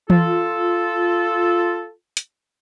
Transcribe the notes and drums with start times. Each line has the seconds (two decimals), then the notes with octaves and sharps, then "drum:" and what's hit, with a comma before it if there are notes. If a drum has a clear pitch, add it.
0.10 F4 A4, drum: tom E3
2.17 drum: hi-hat